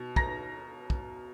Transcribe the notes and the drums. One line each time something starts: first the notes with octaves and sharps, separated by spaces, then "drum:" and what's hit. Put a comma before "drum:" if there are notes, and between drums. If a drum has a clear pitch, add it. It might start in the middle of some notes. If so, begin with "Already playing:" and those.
Already playing: B2
A#5 A#6, drum: kick
drum: kick